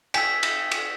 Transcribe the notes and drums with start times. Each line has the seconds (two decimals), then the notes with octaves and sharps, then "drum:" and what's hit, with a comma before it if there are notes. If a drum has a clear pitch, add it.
0.14 G5 G#5 E6 B6, drum: cymbal
0.43 drum: cymbal
0.71 drum: cymbal